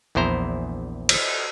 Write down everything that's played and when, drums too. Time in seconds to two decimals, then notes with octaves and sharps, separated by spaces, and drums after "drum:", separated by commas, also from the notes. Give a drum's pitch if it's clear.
0.15 A#1 E2 E4 C5 A#5
1.09 drum: cymbal